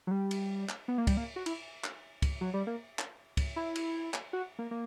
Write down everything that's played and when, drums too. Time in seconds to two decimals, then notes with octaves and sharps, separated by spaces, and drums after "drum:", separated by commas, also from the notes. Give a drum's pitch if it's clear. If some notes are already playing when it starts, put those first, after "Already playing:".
0.07 F#3
0.11 G3
0.31 drum: cymbal
0.69 drum: clap
0.88 B3
0.98 A#3
1.07 G3, drum: kick, cymbal
1.17 A#3
1.36 F#4
1.46 E4, drum: cymbal
1.84 drum: clap
2.22 drum: kick, cymbal
2.41 F#3
2.54 G3
2.67 A#3
2.99 drum: clap
3.37 drum: kick, cymbal
3.56 E4
3.76 drum: cymbal
4.14 drum: clap
4.33 F#4
4.59 A#3
4.71 A#3